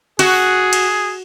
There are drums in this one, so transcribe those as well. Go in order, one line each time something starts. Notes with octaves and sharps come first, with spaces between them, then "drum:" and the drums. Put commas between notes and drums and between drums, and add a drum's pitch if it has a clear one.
F#4 G#4, drum: cymbal
drum: cymbal